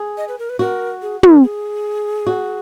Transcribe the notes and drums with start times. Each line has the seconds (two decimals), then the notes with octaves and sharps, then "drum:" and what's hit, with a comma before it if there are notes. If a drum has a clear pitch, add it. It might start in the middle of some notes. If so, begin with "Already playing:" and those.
Already playing: G#4
0.17 D#5
0.28 B4
0.39 A#4
0.50 B4
0.59 F#4 A#4
1.02 G#4
1.23 A#4, drum: tom
1.43 G#4
2.27 F#4